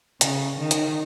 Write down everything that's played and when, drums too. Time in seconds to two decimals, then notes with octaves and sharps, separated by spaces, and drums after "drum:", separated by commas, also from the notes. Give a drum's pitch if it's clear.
0.21 C#3, drum: hi-hat
0.59 D#3
0.71 drum: hi-hat